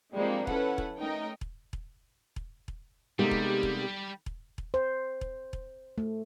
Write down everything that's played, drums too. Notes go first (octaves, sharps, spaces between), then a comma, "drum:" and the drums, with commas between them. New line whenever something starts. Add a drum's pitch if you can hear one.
F3 G3 G#3 A#3 C4 D4
C#4 E4 A4 B4 F#5, drum: kick E1
drum: kick E1
A3 C#4 D#4 A#4 D#5 G5
drum: kick E1
drum: kick E1
drum: kick E1
drum: kick E1
C3 G3 G#3 A#3 B3 D#4 G4 A4
drum: kick E1
drum: kick E1
drum: kick E1
drum: kick E1
C5
drum: kick E1
drum: kick E1
A3